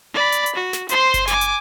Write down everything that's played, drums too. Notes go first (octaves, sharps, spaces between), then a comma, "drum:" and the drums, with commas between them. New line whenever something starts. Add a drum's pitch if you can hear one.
D5 B5
drum: hi-hat
drum: hi-hat
F#4
drum: snare
C5 C6, drum: hi-hat
drum: kick F#1, hi-hat
G#5 D6, drum: snare
drum: hi-hat